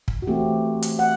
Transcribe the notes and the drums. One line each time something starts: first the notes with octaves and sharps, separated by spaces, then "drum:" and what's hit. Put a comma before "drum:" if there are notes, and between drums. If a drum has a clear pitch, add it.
drum: kick
F#4
E3 A3 C4 G4
drum: hi-hat
F#5